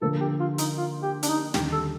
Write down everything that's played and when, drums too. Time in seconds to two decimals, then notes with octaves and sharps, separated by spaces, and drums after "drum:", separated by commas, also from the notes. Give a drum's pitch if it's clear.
0.01 D3 F3 A#3 A4
0.20 G4
0.40 F4
0.58 D#4, drum: hi-hat
0.77 F4
1.03 G4
1.23 D4, drum: hi-hat
1.29 D#4
1.54 D#2 D3 G3 G4, drum: snare
1.73 A4